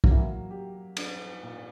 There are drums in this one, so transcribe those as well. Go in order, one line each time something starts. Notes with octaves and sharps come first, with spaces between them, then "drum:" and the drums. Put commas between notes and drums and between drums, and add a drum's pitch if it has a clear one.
F#3 A#3, drum: kick
E3
F#3
G4
D4, drum: cymbal
A#2